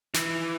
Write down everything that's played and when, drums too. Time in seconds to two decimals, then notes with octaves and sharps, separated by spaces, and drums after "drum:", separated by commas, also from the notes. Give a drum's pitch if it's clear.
0.14 E3, drum: snare